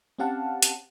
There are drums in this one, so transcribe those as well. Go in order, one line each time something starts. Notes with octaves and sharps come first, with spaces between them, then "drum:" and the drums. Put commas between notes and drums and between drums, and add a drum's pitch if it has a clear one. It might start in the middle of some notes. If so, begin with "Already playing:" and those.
C4 C#4 G4 F5 F#5 A5
drum: hi-hat